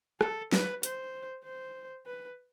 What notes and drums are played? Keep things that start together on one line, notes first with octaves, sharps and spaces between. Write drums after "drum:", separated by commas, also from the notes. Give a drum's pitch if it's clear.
A4, drum: rim click
B4, drum: snare
C5, drum: hi-hat
C5
B4